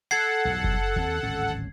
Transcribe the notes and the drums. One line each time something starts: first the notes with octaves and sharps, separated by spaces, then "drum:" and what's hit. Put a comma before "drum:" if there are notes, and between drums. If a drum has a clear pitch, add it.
A4 F#5 G#6 C7
B1 E2 G2
drum: kick F#1
D#2 C4
D1 G#1 C#4